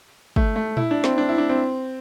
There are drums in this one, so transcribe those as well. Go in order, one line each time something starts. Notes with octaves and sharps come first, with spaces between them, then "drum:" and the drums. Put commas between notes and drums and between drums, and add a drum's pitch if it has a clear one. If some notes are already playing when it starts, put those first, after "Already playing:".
A3, drum: kick
A3
E4, drum: tom A#2
D4
C4, drum: snare
D4
E4
D4
C4